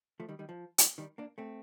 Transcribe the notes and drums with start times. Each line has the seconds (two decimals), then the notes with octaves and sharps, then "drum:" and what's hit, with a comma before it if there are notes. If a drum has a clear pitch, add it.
0.20 F3 A3
0.29 D#3 G3
0.39 D#3 G3
0.49 F3
0.78 drum: hi-hat
0.98 D#3 G3
1.18 A#3 D4
1.38 A3 C4